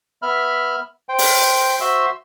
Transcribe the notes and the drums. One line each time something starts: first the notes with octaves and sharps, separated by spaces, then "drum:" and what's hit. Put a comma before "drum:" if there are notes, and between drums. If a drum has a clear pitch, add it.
B3 E5 B5 F6
C5 G5
drum: open hi-hat
F#4 C5 E5 C6 E6